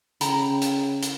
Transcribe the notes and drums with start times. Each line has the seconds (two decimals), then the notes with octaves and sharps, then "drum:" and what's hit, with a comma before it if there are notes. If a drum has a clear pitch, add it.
0.21 C#3 G5 A#5 B5, drum: hi-hat
0.62 drum: hi-hat
1.03 drum: hi-hat